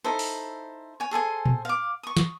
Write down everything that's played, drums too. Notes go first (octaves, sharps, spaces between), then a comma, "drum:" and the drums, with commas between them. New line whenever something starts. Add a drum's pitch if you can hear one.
D#4 E4 A4 C5
drum: open hi-hat
C#5 G#5
G#4 A4 C5 G#5
drum: tom A#2
F5 D6
C#6 D#6
drum: snare